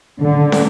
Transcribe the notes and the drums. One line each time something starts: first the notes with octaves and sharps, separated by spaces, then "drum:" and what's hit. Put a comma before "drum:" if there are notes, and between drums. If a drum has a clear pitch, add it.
D3
drum: snare